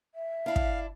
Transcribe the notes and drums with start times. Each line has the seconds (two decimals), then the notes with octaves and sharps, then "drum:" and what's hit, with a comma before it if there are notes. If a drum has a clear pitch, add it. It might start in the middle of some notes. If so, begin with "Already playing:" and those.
0.15 E5
0.46 D4 E4 F5
0.56 drum: kick